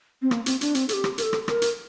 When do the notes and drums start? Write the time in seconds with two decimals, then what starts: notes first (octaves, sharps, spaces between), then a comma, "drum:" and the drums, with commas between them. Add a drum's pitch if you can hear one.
0.22 C4
0.31 A#3, drum: rim click
0.46 C4, drum: hi-hat
0.61 D4, drum: hi-hat
0.75 C4, drum: hi-hat
0.89 A4, drum: hi-hat
0.93 G4
1.04 drum: rim click
1.18 A#4, drum: hi-hat
1.22 A4
1.33 drum: rim click
1.48 A#4, drum: rim click
1.62 drum: hi-hat